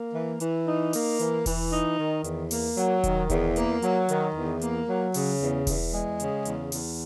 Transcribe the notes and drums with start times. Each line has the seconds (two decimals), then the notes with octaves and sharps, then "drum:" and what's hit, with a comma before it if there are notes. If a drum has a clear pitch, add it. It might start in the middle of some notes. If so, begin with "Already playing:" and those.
Already playing: A#3
0.14 E3
0.40 E3, drum: hi-hat
0.67 D#4
0.93 A#3, drum: open hi-hat
1.19 E3, drum: hi-hat
1.46 E3, drum: kick E1, open hi-hat
1.72 D#4
1.98 D#3
2.24 E2, drum: hi-hat
2.51 A#3, drum: open hi-hat
2.77 F#3, drum: hi-hat
3.04 D#3, drum: kick E1, hi-hat
3.30 E2, drum: kick E1, hi-hat
3.56 A#3, drum: hi-hat
3.82 F#3, drum: hi-hat
4.09 D#3, drum: hi-hat
4.35 E2
4.61 A#3, drum: hi-hat
4.88 F#3
5.14 C#3, drum: open hi-hat
5.40 E2
5.67 E2, drum: kick E1, open hi-hat
5.93 G#3
6.20 C#3, drum: hi-hat
6.45 E2, drum: hi-hat
6.72 E2, drum: open hi-hat